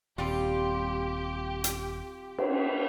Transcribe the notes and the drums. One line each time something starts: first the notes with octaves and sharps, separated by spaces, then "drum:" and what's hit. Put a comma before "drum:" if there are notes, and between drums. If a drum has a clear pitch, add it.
D#1 G3 C4 F4 G4
drum: hi-hat
drum: cymbal